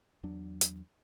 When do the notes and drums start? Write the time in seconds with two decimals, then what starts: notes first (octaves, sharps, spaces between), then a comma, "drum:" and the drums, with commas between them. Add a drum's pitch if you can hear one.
0.23 E2 F#3 D4
0.61 drum: hi-hat